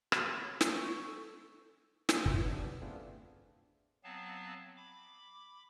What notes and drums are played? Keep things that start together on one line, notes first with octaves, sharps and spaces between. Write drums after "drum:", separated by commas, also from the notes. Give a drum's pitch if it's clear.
F#4, drum: rim click
B5
C#5
A5, drum: snare
C#6
A4
B4 F#5 G#5 B5 E6, drum: snare
C4 C#4 A#4 B4 E5, drum: kick
F#2 B2 G3 B3 D4
A3 B3 C4 D4 F4 G#4
F#3 B3 C4 F5 A5
B5 D6